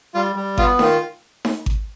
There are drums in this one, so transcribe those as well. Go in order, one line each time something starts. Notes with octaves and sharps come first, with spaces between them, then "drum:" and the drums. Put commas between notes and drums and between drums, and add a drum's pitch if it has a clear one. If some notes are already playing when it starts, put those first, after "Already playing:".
G3 F4
G3
B3 F4, drum: kick G#1
D#3 F4, drum: snare D#4
drum: snare D#4
drum: kick G#1